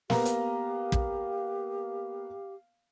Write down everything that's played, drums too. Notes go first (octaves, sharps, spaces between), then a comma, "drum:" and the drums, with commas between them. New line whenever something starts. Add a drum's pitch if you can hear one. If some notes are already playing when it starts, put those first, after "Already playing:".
A#3 B3 G4 F5 A#5, drum: snare
drum: hi-hat
drum: kick